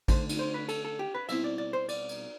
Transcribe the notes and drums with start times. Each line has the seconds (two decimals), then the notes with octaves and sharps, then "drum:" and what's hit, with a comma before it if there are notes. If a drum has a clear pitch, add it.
0.08 D3 A3 D4 C5, drum: kick A1, cymbal
0.29 drum: cymbal
0.39 C5
0.54 B4
0.68 A4, drum: cymbal
0.85 A4
0.99 G4
1.15 B4
1.29 B2 G3 C4 E4 E5, drum: cymbal
1.44 D5
1.58 D5
1.73 C5
1.89 D5, drum: cymbal
2.09 drum: cymbal